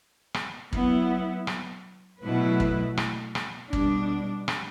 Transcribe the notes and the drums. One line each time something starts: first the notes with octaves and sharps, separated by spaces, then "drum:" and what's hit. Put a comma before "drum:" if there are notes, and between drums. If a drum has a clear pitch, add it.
drum: rim click
F#3 B3 E4, drum: kick
drum: rim click
B2 F#3 A3 E4 B4
drum: kick
drum: rim click
drum: rim click
B2 G3 D4, drum: kick
drum: rim click